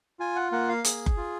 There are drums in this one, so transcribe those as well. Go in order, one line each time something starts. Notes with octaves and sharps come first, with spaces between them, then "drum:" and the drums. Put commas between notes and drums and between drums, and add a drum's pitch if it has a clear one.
F4 G#5
F#5
A#3 F#5
F5
G#4, drum: hi-hat
drum: kick F#1
F4